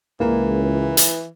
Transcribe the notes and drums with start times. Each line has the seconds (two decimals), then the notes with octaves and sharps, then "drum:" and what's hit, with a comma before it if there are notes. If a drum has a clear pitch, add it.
0.20 C#2 E3 A#3
0.97 drum: hi-hat